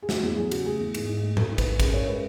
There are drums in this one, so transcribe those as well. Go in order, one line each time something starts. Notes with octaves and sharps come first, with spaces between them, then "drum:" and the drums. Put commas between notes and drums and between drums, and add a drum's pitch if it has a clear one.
G#4
A3 F#4, drum: snare
E2 G#4
F#3 G#4
C#3 F#4, drum: cymbal
A3 G#4
E2
G#2, drum: cymbal
G#2
A3
F#3 A4, drum: tom A2
G#2
B4, drum: kick, cymbal
G#2
F#2 G#4, drum: kick, cymbal
F#2 C#5
G#3 B4